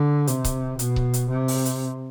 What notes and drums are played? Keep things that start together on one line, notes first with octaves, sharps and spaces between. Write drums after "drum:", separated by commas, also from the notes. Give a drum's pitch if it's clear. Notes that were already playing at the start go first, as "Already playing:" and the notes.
Already playing: D3
C3, drum: hi-hat
drum: kick C#1, hi-hat
B2, drum: hi-hat
drum: kick C#1
drum: hi-hat
C3
drum: open hi-hat
drum: hi-hat